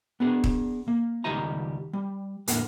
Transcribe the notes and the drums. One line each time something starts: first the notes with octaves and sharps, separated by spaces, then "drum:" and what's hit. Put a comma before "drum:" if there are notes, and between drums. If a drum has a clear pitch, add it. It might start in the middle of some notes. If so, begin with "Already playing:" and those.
B3 D4 G#4
drum: kick
A#3
C#2 D#3 G3 D#5 A#5
G3
E2 A2 D3 A#3 A#4 F#5, drum: hi-hat